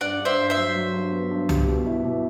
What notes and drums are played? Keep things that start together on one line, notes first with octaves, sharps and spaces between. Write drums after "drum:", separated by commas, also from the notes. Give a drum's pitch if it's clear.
G2 D5 F#5
G2
C5 E5
G2
C5 E5
F#3
F#3
G2
B3
G2
G4, drum: tom C2
B2
E4
B2